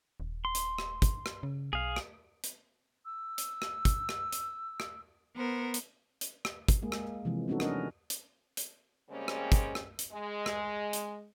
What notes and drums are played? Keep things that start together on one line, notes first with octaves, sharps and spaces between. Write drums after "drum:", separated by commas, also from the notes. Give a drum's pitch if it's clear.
D#1
C6
drum: hi-hat
drum: rim click
drum: kick, hi-hat
drum: rim click
C#3
B1 G#4 F5
drum: rim click
drum: hi-hat
E6
drum: hi-hat
drum: rim click
drum: kick, hi-hat
drum: rim click
drum: hi-hat
drum: rim click
B3 A#4 C5
drum: hi-hat
drum: hi-hat
drum: rim click
drum: kick, hi-hat
G#3 A#3 G#4
drum: rim click
C3 E3 F3 G#3
G3 B3 C#4 D#4 F#4 A4
C#4 D4 A#4 D#5, drum: rim click
drum: hi-hat
drum: hi-hat
C#3 G3 G#3 A#3 C4 C#4
drum: rim click
drum: kick, hi-hat
drum: rim click
drum: hi-hat
G#3
drum: rim click
drum: hi-hat